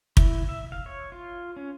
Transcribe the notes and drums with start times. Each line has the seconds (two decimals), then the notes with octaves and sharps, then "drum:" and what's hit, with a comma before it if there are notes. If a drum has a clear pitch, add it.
0.17 E4, drum: kick
0.49 E5
0.72 F5
0.86 C#5
1.12 F4
1.56 C#4